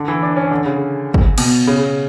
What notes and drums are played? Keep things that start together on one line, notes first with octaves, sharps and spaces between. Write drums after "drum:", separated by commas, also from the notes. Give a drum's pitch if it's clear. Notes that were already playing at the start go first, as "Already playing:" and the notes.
Already playing: D3
E3
D4
C#4
D3
C#3
drum: kick
B2, drum: cymbal
C#3